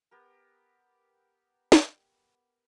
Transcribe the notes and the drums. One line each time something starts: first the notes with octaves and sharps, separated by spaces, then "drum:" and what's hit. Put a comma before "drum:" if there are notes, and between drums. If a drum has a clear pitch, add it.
B3 G4 A#4
drum: snare